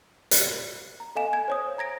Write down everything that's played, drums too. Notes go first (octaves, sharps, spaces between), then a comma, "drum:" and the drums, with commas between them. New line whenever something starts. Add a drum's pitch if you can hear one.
drum: hi-hat
A#5
A4 D#5 F5 G#5 E7
G#5 G#6
C5 C#5 D#6
A#5 G#6 A#6 D7